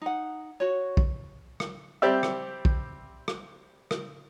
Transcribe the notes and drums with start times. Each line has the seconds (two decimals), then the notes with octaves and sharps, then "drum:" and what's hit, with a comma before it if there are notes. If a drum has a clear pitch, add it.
0.02 D#4 F#5
0.60 F#4 C#5
0.97 drum: kick
1.60 drum: rim click
2.02 G3 C4 G4 D5 E5
2.23 drum: rim click
2.65 drum: kick
3.28 drum: rim click
3.91 drum: rim click